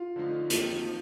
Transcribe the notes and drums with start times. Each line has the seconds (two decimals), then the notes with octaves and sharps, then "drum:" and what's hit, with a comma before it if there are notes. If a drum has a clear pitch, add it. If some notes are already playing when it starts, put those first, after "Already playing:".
Already playing: F4
0.16 D3 F3 A3 D#4
0.50 F2 D#3 A#3 D#4, drum: hi-hat
0.85 F3